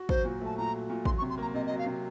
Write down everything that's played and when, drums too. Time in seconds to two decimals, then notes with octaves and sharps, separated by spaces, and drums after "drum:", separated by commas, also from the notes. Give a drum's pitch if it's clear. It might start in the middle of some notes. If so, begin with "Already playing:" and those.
Already playing: F#4
0.09 F#3 C5, drum: kick
0.25 A#2
0.41 A3 A5
0.57 A#2 A#5
0.73 F#3
0.89 A#2
1.05 F#3 C6, drum: kick
1.18 C#6
1.22 C3
1.30 C6
1.38 A#3 A#5
1.54 C3 D#5
1.66 F#3 D#5
1.78 F5
1.86 C3